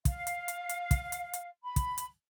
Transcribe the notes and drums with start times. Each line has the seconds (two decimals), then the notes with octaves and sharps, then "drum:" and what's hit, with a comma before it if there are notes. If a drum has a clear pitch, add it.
0.05 F5, drum: kick, hi-hat
0.27 drum: hi-hat
0.48 drum: hi-hat
0.69 drum: hi-hat
0.91 drum: kick, hi-hat
1.12 drum: hi-hat
1.33 drum: hi-hat
1.63 B5
1.76 drum: kick, hi-hat
1.98 drum: hi-hat